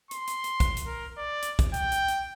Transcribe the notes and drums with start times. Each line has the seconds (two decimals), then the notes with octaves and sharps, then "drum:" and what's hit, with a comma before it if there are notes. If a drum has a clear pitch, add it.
0.11 C6, drum: hi-hat
0.27 drum: hi-hat
0.44 drum: hi-hat
0.60 drum: kick, hi-hat
0.77 drum: hi-hat
0.86 A#4
1.18 D5
1.42 drum: hi-hat
1.59 drum: kick, hi-hat
1.74 G5, drum: hi-hat
1.92 drum: hi-hat
2.08 drum: hi-hat